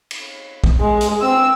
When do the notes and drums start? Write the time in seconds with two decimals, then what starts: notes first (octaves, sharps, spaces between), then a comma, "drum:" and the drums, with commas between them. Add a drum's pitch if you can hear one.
0.11 drum: cymbal
0.64 drum: kick
0.81 G#3
1.01 drum: hi-hat
1.22 C4 E6